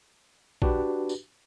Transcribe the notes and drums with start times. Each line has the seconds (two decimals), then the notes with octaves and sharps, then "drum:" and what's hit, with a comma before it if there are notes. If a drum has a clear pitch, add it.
0.62 D4 F#4 G4 B4, drum: kick
1.09 drum: tambourine